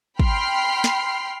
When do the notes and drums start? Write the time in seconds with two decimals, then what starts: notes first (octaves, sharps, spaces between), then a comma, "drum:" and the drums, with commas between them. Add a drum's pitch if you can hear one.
0.19 G5 B5 C6 F6 C7, drum: kick
0.84 drum: snare